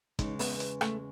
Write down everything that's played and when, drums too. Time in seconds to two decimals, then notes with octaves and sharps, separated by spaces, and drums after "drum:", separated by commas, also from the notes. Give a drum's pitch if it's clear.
0.19 E2 C#3 G#3 D#4, drum: kick, hi-hat
0.39 B3, drum: open hi-hat
0.60 drum: hi-hat
0.81 A3, drum: rim click